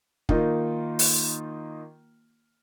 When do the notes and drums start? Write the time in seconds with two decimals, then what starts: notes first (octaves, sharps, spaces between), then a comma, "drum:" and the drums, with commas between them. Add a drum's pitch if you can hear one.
0.29 D#3 A#3 D#4 F4, drum: kick
0.99 drum: open hi-hat